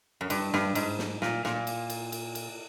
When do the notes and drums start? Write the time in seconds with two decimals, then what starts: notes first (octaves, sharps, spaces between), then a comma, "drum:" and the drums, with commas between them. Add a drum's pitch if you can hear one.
0.21 F#2
0.30 G2, drum: cymbal
0.54 G2, drum: snare
0.75 G#2, drum: cymbal
0.99 drum: snare
1.22 A#2, drum: snare
1.45 A#2, drum: snare
1.67 drum: cymbal
1.90 drum: cymbal
2.12 drum: cymbal
2.35 drum: cymbal